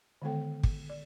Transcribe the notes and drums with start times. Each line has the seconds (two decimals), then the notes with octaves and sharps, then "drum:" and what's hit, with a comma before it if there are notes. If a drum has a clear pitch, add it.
0.22 D3 D#3 G#3 B3 A4 G5
0.63 drum: kick
0.89 D5